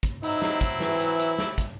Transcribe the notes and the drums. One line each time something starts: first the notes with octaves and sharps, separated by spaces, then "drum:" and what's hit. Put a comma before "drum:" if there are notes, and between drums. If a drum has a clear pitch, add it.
drum: kick, hi-hat
F#3 C4 D#4 E4, drum: open hi-hat
drum: snare
drum: kick, hi-hat
E3, drum: snare
drum: hi-hat
drum: hi-hat
drum: snare
drum: kick, hi-hat